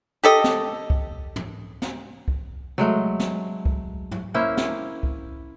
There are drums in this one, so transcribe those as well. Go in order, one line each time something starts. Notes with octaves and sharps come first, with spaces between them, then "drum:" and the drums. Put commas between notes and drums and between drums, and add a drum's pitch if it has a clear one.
G4 A4 D#5
drum: snare
drum: kick C2
drum: tom
drum: snare
drum: kick C2
F#3 G#3 A3
drum: snare
drum: kick C2
drum: tom
A#3 C#4 E4 C5
drum: snare
drum: kick C2